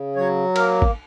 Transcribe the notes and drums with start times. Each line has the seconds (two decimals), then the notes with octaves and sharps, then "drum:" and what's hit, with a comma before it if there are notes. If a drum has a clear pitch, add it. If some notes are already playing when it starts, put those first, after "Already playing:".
Already playing: C#3
0.16 F#3 C#5
0.56 A#3 A#4, drum: cymbal
0.82 drum: kick G#1